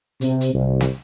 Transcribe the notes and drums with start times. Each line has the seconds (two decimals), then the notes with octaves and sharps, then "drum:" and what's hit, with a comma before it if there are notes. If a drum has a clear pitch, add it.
0.21 C3, drum: hi-hat
0.41 drum: hi-hat
0.53 C2
0.81 drum: snare